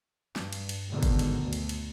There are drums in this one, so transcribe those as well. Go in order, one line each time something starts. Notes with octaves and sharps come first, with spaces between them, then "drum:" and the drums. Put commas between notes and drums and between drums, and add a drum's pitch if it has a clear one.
G2, drum: snare
drum: cymbal
drum: cymbal
G#2 B2 D3 D#3
drum: kick G1, cymbal
drum: cymbal
D2
drum: cymbal
drum: cymbal